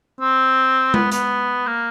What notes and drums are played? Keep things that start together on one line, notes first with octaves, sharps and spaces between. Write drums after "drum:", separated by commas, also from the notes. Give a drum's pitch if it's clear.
C4
B3, drum: tom G#3
B3, drum: hi-hat
A#3